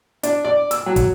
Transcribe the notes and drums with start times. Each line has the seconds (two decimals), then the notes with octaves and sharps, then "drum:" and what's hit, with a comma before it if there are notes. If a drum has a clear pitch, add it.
0.23 D4, drum: hi-hat
0.45 D5
0.71 E6, drum: hi-hat
0.86 F#3
0.96 drum: kick, hi-hat